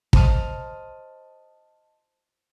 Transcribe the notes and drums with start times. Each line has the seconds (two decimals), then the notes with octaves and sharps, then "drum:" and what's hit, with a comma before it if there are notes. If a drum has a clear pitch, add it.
0.13 C5 D#5 A5 D#6 F6, drum: kick